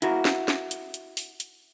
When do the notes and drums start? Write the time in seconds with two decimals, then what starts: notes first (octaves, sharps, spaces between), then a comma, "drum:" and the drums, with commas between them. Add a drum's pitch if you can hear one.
0.02 E4 F#4 A#4, drum: hi-hat
0.25 drum: snare
0.48 drum: snare
0.71 drum: hi-hat
0.94 drum: hi-hat
1.17 drum: open hi-hat
1.40 drum: hi-hat